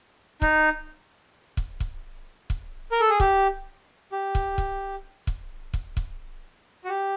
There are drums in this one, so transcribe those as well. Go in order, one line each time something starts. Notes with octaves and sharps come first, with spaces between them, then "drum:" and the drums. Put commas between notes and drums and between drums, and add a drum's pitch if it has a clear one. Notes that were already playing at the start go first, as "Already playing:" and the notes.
D#4, drum: kick
drum: kick
drum: kick
drum: kick
A#4
A4
G#4
G4, drum: kick
G4
drum: kick
drum: kick
drum: kick
drum: kick
drum: kick
F#4
G4